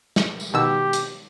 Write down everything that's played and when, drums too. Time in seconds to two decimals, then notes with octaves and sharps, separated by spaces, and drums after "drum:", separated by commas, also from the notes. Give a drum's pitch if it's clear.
0.16 drum: snare
0.40 drum: tambourine
0.54 B2 D#3 G4 E6
0.93 drum: hi-hat